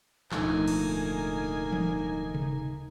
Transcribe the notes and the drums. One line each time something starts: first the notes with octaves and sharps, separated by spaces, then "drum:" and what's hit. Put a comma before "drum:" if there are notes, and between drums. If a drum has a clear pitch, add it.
D1 B2 D3 F3 A3 A#3 D#4 G#5, drum: clap
drum: cymbal
drum: tom E3
drum: tom C3